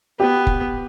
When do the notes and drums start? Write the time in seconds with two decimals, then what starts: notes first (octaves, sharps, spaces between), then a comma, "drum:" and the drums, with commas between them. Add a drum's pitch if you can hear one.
0.20 B3 G4
0.47 drum: kick F1